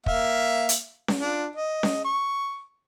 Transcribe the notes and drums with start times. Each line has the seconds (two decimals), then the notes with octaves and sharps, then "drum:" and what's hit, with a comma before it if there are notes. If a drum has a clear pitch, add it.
0.06 A#3 E5 F5, drum: kick
0.69 drum: hi-hat
1.08 drum: snare C#4
1.20 D4 F4
1.56 D#5
1.83 drum: snare C#4
2.04 C#6